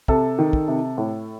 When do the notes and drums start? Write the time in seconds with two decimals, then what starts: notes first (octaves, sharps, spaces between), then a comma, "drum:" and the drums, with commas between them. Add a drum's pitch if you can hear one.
0.08 C3 A4, drum: kick
0.39 D#3
0.53 drum: kick
0.68 C3
0.98 A2